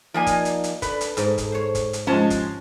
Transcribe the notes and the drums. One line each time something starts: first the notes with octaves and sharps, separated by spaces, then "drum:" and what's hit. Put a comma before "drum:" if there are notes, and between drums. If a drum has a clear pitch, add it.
F3 A#3 D#4 D5 G#5
drum: kick, hi-hat
drum: hi-hat
drum: hi-hat
D4 A4 B4 D5, drum: kick, hi-hat
drum: hi-hat
G#2 A4, drum: hi-hat
drum: kick, hi-hat
C5 C#5
drum: kick, hi-hat
drum: hi-hat
C3 F3 G#3 C#4 D#4 A5
drum: kick, hi-hat